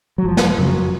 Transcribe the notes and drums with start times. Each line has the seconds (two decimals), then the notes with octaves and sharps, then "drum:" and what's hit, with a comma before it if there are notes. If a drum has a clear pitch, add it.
0.18 F#3
0.24 F#1 F3
0.37 drum: snare
0.58 F2 C#3 F#3